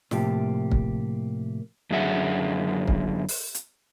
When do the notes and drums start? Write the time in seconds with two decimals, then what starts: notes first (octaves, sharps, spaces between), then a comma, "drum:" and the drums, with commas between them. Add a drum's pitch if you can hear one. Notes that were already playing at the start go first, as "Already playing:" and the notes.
0.11 A2 C3 F3 A#3 G4, drum: snare
0.72 drum: kick
1.90 F#2 D3 F#3 G#4 E5 F#5
2.88 drum: kick
3.28 drum: open hi-hat
3.54 drum: hi-hat